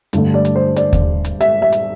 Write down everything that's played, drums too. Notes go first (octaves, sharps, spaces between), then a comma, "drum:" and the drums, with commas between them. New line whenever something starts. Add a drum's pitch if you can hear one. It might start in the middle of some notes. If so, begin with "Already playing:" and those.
G2 D3 A3, drum: hi-hat
D5
drum: hi-hat
C5
D5, drum: hi-hat
drum: kick D#2, hi-hat
drum: hi-hat
E5, drum: hi-hat
E5
drum: hi-hat